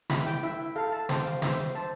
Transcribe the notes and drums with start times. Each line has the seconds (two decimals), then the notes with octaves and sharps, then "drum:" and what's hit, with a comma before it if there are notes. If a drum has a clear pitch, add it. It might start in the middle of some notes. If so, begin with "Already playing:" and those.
0.10 E4 B5, drum: snare
0.27 G5
0.43 E4 E5
0.59 E5
0.76 A4 F5
0.92 A5
1.09 C5 G5, drum: snare
1.26 F5
1.42 C5 E5, drum: snare
1.75 C5 A5